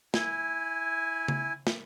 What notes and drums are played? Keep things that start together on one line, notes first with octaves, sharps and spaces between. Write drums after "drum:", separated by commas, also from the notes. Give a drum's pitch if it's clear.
E4 G#5, drum: snare
drum: tom C#3
drum: snare